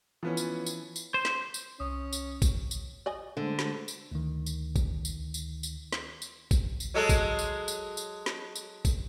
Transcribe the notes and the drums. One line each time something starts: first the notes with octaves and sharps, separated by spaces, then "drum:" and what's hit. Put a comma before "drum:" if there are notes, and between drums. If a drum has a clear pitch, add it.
E3 F3 B3 C#4
drum: tambourine
drum: tambourine
drum: tambourine
C5
drum: snare
drum: tambourine
C2 C#4 D#6
drum: tambourine
drum: kick, tambourine
drum: tambourine
D5 D#5 G#5
D3 G#3 A3 C5
drum: snare
drum: tambourine
D2 D#3
drum: tambourine
drum: kick, tambourine
drum: tambourine
drum: tambourine
drum: tambourine
drum: snare
drum: tambourine
drum: kick, tambourine
drum: tambourine
F#3 G#3 A4
drum: kick, tambourine
drum: tambourine
drum: tambourine
drum: tambourine
drum: snare
drum: tambourine
drum: kick, tambourine